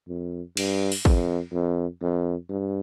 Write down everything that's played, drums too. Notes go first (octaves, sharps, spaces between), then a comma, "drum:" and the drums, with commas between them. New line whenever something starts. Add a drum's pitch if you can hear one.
F2
G2, drum: cymbal
drum: open hi-hat
F2, drum: kick
F2
F2
G2